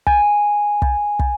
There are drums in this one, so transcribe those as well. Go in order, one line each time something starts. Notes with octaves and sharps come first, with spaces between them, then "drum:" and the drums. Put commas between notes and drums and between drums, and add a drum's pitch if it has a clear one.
G#5, drum: kick
drum: kick
drum: kick